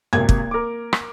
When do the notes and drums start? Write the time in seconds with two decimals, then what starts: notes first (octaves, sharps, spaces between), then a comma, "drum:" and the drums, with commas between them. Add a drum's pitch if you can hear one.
0.13 G#1 C3 A#3 G#6
0.29 drum: kick
0.51 A#4 D6
0.93 drum: rim click